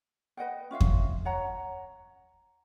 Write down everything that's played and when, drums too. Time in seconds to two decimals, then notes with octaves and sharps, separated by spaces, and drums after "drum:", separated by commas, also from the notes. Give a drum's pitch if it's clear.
0.37 B4 D#5 F#5 G5
0.71 C#4 F4 E5 F5
0.81 drum: kick E2
1.25 C#5 F#5 A#5